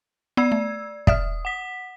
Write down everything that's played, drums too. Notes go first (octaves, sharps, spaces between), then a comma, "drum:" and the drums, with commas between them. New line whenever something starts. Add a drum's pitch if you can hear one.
B3 D5 E6 G#6
A3
D5 E5 D#6 F6, drum: kick
F#5 B6